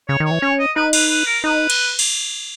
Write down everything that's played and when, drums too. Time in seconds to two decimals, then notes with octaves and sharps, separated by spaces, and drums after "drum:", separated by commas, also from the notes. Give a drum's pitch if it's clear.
0.08 C#3 C#5
0.20 D#3
0.25 C#5
0.31 E3
0.42 C#4 C#5
0.59 D#5
0.76 D#4 B4
0.93 B4, drum: cymbal
1.10 B4
1.26 A#4
1.44 D#4 B4
1.70 drum: cymbal
1.99 drum: cymbal